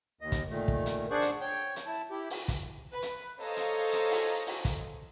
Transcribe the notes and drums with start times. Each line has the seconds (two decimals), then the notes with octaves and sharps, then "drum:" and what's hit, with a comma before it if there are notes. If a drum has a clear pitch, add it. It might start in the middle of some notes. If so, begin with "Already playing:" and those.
0.21 D#2 D#5
0.32 drum: kick, hi-hat
0.50 A#2 D#3 A3
0.68 drum: kick
0.86 drum: hi-hat
1.11 D4 G#4 C5 D5 F#5 C#6
1.22 drum: hi-hat
1.41 C#5 G5
1.76 drum: hi-hat
1.86 E4 A5
2.10 E4 G4
2.30 drum: open hi-hat
2.48 drum: kick, hi-hat
2.92 B4
3.02 drum: hi-hat
3.40 A4 C5 C#5 D#5 F5 A#5
3.57 drum: hi-hat
3.93 drum: hi-hat
4.11 drum: open hi-hat
4.47 drum: open hi-hat
4.65 drum: kick, hi-hat